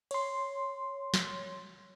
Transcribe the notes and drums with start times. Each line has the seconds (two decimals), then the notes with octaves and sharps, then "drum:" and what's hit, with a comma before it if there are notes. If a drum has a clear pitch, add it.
0.11 C#5 C6, drum: cymbal
1.14 drum: snare